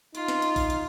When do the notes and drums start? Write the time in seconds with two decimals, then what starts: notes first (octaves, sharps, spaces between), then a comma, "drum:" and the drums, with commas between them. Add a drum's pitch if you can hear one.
0.15 D#4 F4, drum: hi-hat
0.28 drum: snare
0.42 drum: hi-hat
0.56 drum: kick A1, open hi-hat
0.70 drum: hi-hat